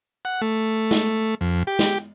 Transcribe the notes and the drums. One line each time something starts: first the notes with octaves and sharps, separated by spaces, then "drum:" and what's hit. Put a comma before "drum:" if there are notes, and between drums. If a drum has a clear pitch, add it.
F#5
A3
drum: snare
F2
G4
drum: snare